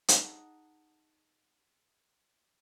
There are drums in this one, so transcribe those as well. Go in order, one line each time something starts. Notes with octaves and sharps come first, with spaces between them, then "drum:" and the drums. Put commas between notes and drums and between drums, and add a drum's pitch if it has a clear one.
D#4 G#4 F#5 A5, drum: hi-hat